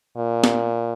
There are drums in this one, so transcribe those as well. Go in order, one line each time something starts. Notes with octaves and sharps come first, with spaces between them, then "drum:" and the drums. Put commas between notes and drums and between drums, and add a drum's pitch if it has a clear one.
A#2
drum: snare